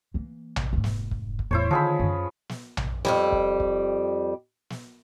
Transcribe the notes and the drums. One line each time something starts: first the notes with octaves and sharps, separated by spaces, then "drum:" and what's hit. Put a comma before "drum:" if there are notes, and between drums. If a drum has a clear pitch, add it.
E3 A#3
drum: tom A#1
F1 G#2
drum: snare
drum: kick
drum: kick
E2 A2 A3 E4 C5 C#5
D3 D#3 F3 G#4 B5
F#2
drum: snare
drum: tom A#1
F2 G#2 G3, drum: snare
drum: kick
drum: kick
drum: snare